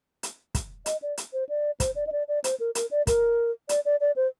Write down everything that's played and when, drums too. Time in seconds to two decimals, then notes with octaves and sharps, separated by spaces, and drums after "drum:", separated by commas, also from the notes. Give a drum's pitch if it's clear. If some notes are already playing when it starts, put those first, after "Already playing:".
0.23 drum: hi-hat
0.55 drum: kick, hi-hat
0.86 D#5, drum: hi-hat
1.02 D5
1.18 drum: hi-hat
1.33 C5
1.49 D5
1.80 C5, drum: kick, hi-hat
1.96 D5
2.07 D#5
2.12 D5
2.28 D5
2.44 C5, drum: hi-hat
2.60 A#4
2.75 A#4, drum: hi-hat
2.91 D5
3.07 A#4, drum: kick, hi-hat
3.69 D5, drum: hi-hat
3.85 D5
4.01 D5
4.16 C5